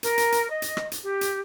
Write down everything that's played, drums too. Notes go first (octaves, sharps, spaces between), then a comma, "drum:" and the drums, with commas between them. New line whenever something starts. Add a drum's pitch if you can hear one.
A#4, drum: hi-hat
drum: hi-hat
drum: hi-hat
D#5
drum: hi-hat
drum: rim click
drum: hi-hat
G4
drum: hi-hat